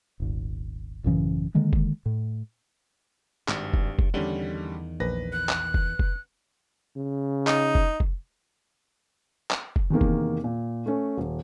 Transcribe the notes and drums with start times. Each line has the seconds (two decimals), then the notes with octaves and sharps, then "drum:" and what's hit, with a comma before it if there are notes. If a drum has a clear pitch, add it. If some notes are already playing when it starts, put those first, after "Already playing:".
0.20 D#1 G#1
1.04 A1 F#2 C#3 E3
1.54 D3 D#3 G#3 A#3
1.73 drum: kick F1
2.06 A2
3.48 G#1 G2, drum: clap
3.74 drum: kick F1
3.99 drum: kick F1
4.14 E2 D3 D#3 G3 C#4
5.00 A#1 B4 A#6
5.33 F#6
5.49 drum: clap
5.74 drum: kick F1
5.99 drum: kick F1
6.97 C#3
7.47 D#4, drum: clap
7.75 drum: kick F1
8.00 drum: kick F1
9.51 drum: clap
9.76 drum: kick F1
9.90 E2 C3 D#3 A#3
10.01 drum: kick F1
10.44 A#2
10.86 A3 C#4
11.17 D#1